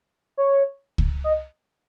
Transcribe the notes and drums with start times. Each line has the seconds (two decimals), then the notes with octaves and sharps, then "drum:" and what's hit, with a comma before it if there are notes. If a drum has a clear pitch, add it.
0.37 C#5
0.98 drum: kick C#2
1.24 D#5